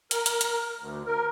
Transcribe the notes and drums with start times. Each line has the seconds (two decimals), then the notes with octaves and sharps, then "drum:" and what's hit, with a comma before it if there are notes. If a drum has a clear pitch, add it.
0.11 A#4, drum: hi-hat
0.26 drum: hi-hat
0.41 drum: hi-hat
0.79 D2
1.06 A#4